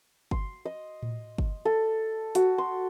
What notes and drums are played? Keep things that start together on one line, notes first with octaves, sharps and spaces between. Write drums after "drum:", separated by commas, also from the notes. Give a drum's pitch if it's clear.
C6, drum: kick G1
D#5
drum: tom A2
drum: kick G1
A4
F#4, drum: hi-hat
C6